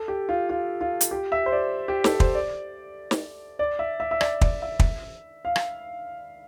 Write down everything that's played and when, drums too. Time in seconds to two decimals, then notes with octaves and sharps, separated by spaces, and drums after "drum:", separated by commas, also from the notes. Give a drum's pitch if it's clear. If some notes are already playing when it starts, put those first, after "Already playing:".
Already playing: A4
0.08 G4
0.29 F4
0.49 F4
0.81 F4
1.01 drum: hi-hat
1.11 G4
1.32 E5
1.46 C5
1.52 D5
1.88 G4
2.04 A4, drum: snare
2.20 C5, drum: kick
2.35 D5
3.11 drum: snare
3.59 D5
3.79 E5
4.00 E5
4.11 E5
4.21 D5, drum: rim click
4.41 D5, drum: kick
4.62 E5
4.79 drum: kick
5.45 F5
5.56 drum: rim click